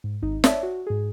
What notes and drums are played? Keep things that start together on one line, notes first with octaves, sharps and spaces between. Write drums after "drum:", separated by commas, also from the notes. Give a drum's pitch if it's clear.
G#2
G#1 D#4
C#5 D5 E5 A5, drum: snare
F#4
G#2 G#4